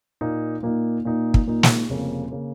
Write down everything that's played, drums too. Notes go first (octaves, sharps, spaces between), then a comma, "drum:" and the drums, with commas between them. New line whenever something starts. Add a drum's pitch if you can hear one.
A#2 A#3 D#4
A#2 A#3 D#4
A#2 A#3 D#4
drum: kick
A#2 A#3 D#4
drum: snare
F1 F2 C#3 A#3
C#3 A#3